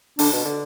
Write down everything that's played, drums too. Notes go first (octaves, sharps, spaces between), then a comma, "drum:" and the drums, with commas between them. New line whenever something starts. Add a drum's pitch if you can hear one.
D3 D4, drum: open hi-hat
B2
D3